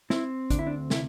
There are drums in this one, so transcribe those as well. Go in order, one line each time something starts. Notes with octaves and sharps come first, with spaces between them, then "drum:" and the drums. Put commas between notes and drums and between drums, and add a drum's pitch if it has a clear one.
C4 E4, drum: snare
D2 D4, drum: kick, hi-hat
E4
D4
C3 E4, drum: snare